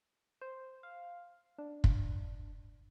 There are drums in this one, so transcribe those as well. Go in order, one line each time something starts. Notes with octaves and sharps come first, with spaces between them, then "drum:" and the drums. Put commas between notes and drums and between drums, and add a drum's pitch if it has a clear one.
C5
F5
D4
drum: kick